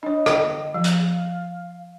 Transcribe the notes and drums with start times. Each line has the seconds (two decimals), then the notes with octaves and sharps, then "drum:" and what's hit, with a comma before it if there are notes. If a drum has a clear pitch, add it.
0.03 D4 C#5 D#5
0.26 drum: rim click
0.74 F3 F5
0.84 drum: hi-hat